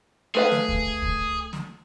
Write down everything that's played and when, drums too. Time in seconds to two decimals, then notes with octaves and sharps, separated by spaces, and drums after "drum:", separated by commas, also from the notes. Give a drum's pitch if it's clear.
0.35 A3 G#4 B4 F5
0.52 drum: snare
0.68 drum: kick
1.02 drum: kick
1.53 drum: snare